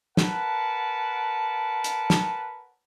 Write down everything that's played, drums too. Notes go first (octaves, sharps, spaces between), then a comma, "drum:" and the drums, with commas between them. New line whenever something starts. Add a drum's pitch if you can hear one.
A#4 B4 F#5 A5, drum: snare
drum: hi-hat
drum: snare